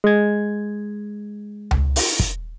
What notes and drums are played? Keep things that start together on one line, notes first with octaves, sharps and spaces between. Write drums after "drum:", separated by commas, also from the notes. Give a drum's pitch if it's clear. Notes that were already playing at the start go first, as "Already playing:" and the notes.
G#3 G#6
drum: tom C#2
drum: open hi-hat
drum: kick